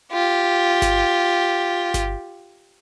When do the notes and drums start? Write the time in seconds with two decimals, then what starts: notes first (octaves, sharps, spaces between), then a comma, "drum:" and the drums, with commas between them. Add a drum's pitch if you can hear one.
0.12 F4 G4
0.82 drum: snare G1
1.94 drum: snare G1